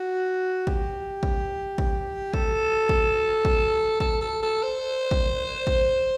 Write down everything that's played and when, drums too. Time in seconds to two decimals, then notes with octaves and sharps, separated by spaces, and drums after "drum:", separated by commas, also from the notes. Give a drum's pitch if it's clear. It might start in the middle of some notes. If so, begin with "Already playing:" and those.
Already playing: F#4
0.67 G4, drum: kick
1.23 drum: kick
1.78 drum: kick
2.34 A4, drum: kick
2.89 drum: kick
3.45 drum: kick
4.00 A4, drum: kick
4.21 A4
4.42 A4
4.63 C5
5.11 drum: kick
5.67 drum: kick